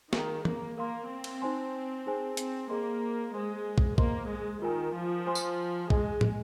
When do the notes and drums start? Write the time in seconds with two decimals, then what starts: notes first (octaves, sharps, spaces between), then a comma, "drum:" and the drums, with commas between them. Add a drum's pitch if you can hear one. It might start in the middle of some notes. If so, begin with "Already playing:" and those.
0.13 D#3 G#4 F5 A#5, drum: snare
0.45 A#3, drum: tom
0.77 A#3 A#4 F5 C6
1.10 C4
1.24 drum: cymbal
1.42 D#4 C5 G#5 C6
2.06 D#4 G#4 C5 G#5
2.37 C4, drum: hi-hat
2.70 A#3 G#4 C5 D#5 C6
3.34 G#3 C5 G#5 C6
3.78 drum: kick
3.98 A#3 C5 D#5 C6, drum: kick
4.30 G#3
4.62 D#3 F4 A#4 G#5
4.95 F3
5.26 F4 C5 G#5 C6
5.35 drum: tambourine
5.90 G#3 G#4 D#5 G#5, drum: kick
6.21 drum: tom